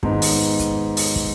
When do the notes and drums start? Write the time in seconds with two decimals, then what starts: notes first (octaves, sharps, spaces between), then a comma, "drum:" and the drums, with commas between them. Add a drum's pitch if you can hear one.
0.03 G#2 D#3 B3 D#4, drum: kick
0.22 drum: open hi-hat
0.59 drum: kick, hi-hat
0.97 drum: open hi-hat
1.16 drum: kick